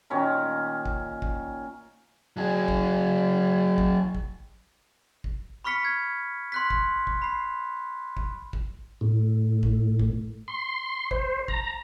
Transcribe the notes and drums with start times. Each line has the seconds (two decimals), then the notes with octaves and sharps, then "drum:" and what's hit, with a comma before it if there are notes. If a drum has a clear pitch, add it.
0.10 A#2 D#3 C#4 A#4
0.86 drum: kick
1.22 drum: kick
2.37 F#3 G#4
2.68 drum: kick
3.78 drum: kick
4.15 drum: kick
5.24 drum: kick
5.64 B5 C#6 F6 B6 C#7
5.85 G#6
6.52 C6 F#6 B6
6.70 drum: kick
7.07 drum: kick
7.22 B5 C7
8.17 drum: kick
8.53 drum: kick
9.01 A2
9.63 drum: kick
9.99 drum: kick
10.48 C6
11.11 C5, drum: kick
11.48 A#5, drum: kick